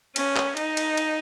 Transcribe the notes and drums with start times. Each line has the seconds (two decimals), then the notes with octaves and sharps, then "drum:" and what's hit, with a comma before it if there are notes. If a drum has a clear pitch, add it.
0.16 C#4, drum: cymbal
0.36 drum: clap
0.57 D#4, drum: cymbal
0.77 drum: cymbal
0.97 drum: cymbal